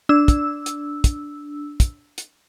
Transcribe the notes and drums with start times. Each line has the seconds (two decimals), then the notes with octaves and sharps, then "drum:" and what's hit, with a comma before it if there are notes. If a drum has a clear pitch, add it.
0.09 D4 E6
0.28 drum: kick, hi-hat
0.66 drum: hi-hat
1.04 drum: kick, hi-hat
1.80 drum: kick, hi-hat
2.18 drum: hi-hat